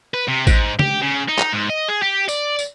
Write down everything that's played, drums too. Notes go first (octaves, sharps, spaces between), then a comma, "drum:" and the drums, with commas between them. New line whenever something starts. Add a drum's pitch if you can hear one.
B4
C3
G#2, drum: kick, tambourine
G4, drum: tom
C#3
D#4
drum: clap
G#2
D#5
G#4
G4
D5, drum: tambourine
drum: tambourine